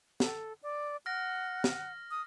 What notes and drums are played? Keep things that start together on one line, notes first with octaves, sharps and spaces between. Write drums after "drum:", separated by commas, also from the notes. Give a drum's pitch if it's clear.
A4, drum: snare
D5
F#5 F6 A#6
drum: snare
D#6